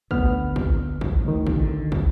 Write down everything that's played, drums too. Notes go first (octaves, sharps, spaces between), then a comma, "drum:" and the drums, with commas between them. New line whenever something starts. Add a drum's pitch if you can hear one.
D2 D3 B3 F6, drum: kick
drum: kick
drum: kick
D2 D#3
drum: kick
D3
drum: kick